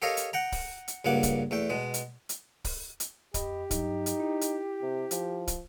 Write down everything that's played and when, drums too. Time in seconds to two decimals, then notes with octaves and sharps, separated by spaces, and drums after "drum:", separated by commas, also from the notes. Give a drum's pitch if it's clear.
0.02 G4 A4 A#4 C#5 D#5 F5
0.17 drum: hi-hat
0.33 F#5 G5 A#5
0.52 drum: kick, open hi-hat
0.88 drum: hi-hat
1.05 C#2 G2 A#3 F#5 D6
1.23 drum: kick, hi-hat
1.51 E2 A3 G5
1.70 B2 G#3
1.94 drum: hi-hat
2.29 drum: hi-hat
2.65 drum: kick, open hi-hat
3.00 drum: hi-hat
3.34 F2 G4 D#5 B5, drum: kick, hi-hat
3.71 G2 F#3 D#4, drum: kick, hi-hat
4.06 drum: hi-hat
4.20 E4
4.41 drum: hi-hat
4.82 C3
5.11 F3, drum: hi-hat
5.48 drum: kick, hi-hat